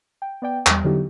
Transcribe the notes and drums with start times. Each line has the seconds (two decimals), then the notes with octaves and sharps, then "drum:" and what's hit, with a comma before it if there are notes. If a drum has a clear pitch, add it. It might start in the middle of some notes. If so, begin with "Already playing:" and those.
0.22 G5
0.42 B3 D5 G5
0.66 E2 G3, drum: clap
0.84 D3 F#3 B3 D#4 E4 G4